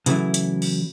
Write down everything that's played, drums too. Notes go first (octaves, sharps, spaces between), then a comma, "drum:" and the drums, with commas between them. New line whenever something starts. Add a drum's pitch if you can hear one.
C#3 E3 F#3 A3 E4, drum: hi-hat
drum: hi-hat
drum: open hi-hat